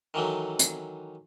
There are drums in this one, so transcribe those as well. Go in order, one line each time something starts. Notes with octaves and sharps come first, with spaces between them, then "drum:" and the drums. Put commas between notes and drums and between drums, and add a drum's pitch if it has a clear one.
D#3 E3 F#3 A3
drum: hi-hat